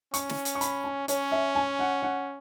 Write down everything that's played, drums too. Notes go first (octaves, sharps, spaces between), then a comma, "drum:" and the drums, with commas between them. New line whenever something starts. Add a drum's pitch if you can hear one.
C#4 C#6, drum: hi-hat
drum: snare
drum: hi-hat
C#6
B5, drum: hi-hat
G#5
C#4 C#5, drum: hi-hat
E5
G#5
F#5
F#5